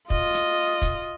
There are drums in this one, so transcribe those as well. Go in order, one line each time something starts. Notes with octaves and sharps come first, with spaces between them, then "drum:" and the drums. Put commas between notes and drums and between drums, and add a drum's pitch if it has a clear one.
F4 D#5, drum: kick
drum: hi-hat
drum: kick, hi-hat